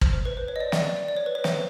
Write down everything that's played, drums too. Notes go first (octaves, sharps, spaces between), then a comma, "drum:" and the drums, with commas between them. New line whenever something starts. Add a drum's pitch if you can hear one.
C5, drum: kick
C5
B4
C5
C#5
D#5
D5
D5, drum: snare
D5
D5
D5
C#5
B4
C#5
C5, drum: snare